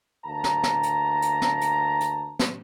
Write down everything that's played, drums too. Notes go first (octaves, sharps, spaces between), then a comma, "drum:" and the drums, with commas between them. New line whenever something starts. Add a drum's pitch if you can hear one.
D2 A#3 A5 A#5
drum: snare
drum: snare
drum: hi-hat
drum: hi-hat
drum: snare
drum: hi-hat
drum: hi-hat
drum: snare